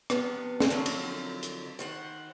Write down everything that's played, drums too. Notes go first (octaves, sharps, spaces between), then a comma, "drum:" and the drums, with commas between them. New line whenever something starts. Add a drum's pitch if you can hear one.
C3 F3 B3 D4, drum: rim click
drum: snare
D3 F3 F#3 C4 D4 D#4
drum: cymbal
drum: hi-hat
D#3 C5 F#5